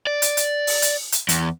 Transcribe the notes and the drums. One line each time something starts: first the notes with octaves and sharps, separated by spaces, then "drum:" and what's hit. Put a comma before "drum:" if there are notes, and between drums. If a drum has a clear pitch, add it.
D5
drum: hi-hat
drum: hi-hat
drum: open hi-hat
drum: hi-hat
drum: hi-hat
E2, drum: hi-hat